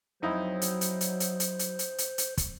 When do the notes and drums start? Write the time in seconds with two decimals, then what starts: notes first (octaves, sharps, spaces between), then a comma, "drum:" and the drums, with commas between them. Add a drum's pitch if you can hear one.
0.22 F2 F#3 D#4 E4 C5
0.62 drum: hi-hat
0.81 drum: hi-hat
1.01 drum: hi-hat
1.20 drum: hi-hat
1.40 drum: hi-hat
1.59 drum: hi-hat
1.79 drum: hi-hat
1.98 drum: hi-hat
2.18 drum: hi-hat
2.38 drum: kick, hi-hat